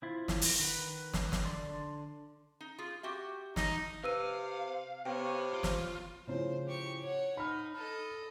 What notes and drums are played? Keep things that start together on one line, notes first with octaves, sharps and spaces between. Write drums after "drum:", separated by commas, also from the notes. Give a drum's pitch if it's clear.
C4 E4 F4
drum: snare
drum: open hi-hat
D#3 B4 F#5
drum: snare
drum: snare
D3 D5 C6
D#4
F4 G#4
F#4 G4 E5
D#4, drum: snare
C3 B4 F5 E6 D#7
C3 B3 C#5 G5
F4
drum: snare
A2 C#3 F3 C5
G4 C#6
C#5 F#5
D#4 B5 F6
A4 D#5